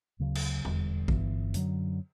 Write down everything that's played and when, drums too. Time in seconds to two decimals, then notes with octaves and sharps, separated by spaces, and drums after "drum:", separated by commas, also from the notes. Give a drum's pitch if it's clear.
0.19 D2 C#3 F#3
0.35 drum: cymbal
0.65 E1 E2 D3 G3, drum: tom F2
1.08 G1 G2 E3 B3, drum: kick A#1
1.54 F#2 D3 F#3, drum: hi-hat